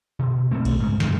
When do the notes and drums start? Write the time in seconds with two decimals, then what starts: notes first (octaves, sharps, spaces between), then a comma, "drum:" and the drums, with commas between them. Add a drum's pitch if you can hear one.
0.19 B2
0.51 B2 A3 C4
0.65 drum: kick B1, cymbal
0.80 G#2 C#3
1.00 C#2 F#2 A2 C3, drum: snare